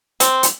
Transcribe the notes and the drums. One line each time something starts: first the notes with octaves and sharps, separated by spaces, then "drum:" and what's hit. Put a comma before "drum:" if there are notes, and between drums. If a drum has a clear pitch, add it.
C4, drum: hi-hat
drum: hi-hat